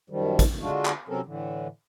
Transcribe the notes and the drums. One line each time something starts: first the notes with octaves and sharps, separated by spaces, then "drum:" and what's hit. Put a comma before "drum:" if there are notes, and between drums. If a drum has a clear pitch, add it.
F#2 D#3 F3 G3
drum: kick, hi-hat
D3 G#3 D4 F4 F#4
drum: clap
C3 F#3 C4 C#4 A4 A#4
A2 D3 E3